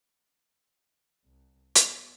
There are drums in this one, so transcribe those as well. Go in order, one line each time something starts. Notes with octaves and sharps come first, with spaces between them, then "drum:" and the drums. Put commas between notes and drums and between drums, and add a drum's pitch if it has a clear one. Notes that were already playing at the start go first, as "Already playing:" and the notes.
C2
B3, drum: hi-hat